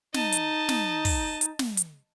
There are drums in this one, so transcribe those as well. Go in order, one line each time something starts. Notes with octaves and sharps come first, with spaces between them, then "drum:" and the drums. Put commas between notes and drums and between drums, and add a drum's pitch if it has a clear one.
D#4 D#5 A5, drum: snare
drum: hi-hat
drum: snare
drum: kick, open hi-hat
drum: hi-hat
drum: snare
drum: hi-hat